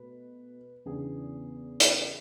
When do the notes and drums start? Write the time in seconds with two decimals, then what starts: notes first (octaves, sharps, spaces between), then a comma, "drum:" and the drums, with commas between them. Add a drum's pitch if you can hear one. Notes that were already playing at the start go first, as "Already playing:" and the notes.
Already playing: B2 A3 B4
0.86 E2 C#3 E3 B3 D4 G#4
1.80 drum: hi-hat